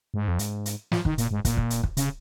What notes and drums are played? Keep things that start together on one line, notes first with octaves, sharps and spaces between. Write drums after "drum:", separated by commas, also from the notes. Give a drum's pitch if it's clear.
G#2
F2
G#2, drum: hi-hat
drum: hi-hat
F3, drum: snare
D#3, drum: kick
A#2, drum: hi-hat
G#2
A#2, drum: kick, hi-hat
drum: kick
drum: hi-hat
drum: kick
C#3, drum: hi-hat